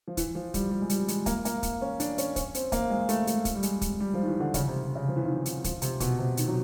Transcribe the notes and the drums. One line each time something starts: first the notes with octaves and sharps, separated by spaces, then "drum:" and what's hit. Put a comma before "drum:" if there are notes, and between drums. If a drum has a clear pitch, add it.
F3
E3, drum: kick, hi-hat
F3
G3, drum: kick, hi-hat
G3
G#3
G3, drum: hi-hat
G#3, drum: hi-hat
A#3, drum: kick, hi-hat
A#3, drum: hi-hat
drum: kick, hi-hat
C#4
D4, drum: hi-hat
C#4, drum: hi-hat
C#4, drum: kick, hi-hat
C4, drum: hi-hat
A#3, drum: kick, hi-hat
G#3
A3, drum: hi-hat
A3, drum: hi-hat
drum: kick, hi-hat
G3
G#3, drum: hi-hat
drum: kick, hi-hat
G3
F3
D#3
E3
D3
C#3, drum: kick, hi-hat
C3
C#3
F3
E3
D#3
E3
drum: hi-hat
F3, drum: kick, hi-hat
C3, drum: hi-hat
B2, drum: kick, hi-hat
C3
D#3, drum: hi-hat
F#3